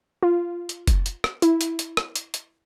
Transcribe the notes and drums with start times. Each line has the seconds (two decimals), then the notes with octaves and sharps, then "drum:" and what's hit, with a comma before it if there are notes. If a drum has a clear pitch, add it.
0.23 F4
0.69 drum: hi-hat
0.87 drum: kick F1, hi-hat
1.06 drum: hi-hat
1.24 drum: rim click
1.42 E4, drum: hi-hat
1.61 drum: hi-hat
1.79 drum: hi-hat
1.97 drum: rim click
2.16 drum: hi-hat
2.34 drum: hi-hat